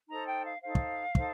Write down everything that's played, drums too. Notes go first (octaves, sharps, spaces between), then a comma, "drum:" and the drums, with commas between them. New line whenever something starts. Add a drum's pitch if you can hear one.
D#4 A4 C5 A#5
G5
F5
D#4 A4 C5 F5
drum: kick
D#4 A4 C5, drum: kick